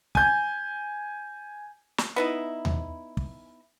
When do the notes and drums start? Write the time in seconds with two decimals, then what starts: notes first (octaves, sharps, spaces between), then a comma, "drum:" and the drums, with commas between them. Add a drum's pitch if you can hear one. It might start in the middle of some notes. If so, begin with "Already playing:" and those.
0.15 G#5 G6, drum: kick
1.98 drum: snare
2.16 B3 D#4 E4
2.65 drum: tom D#2
3.17 drum: kick